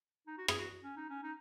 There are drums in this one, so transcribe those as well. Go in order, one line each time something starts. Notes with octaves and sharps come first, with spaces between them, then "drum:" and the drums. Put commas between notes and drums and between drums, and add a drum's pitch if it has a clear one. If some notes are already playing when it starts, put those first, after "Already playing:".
D#4
F#4
G#4, drum: rim click
F#4
C#4
D#4
C#4
D#4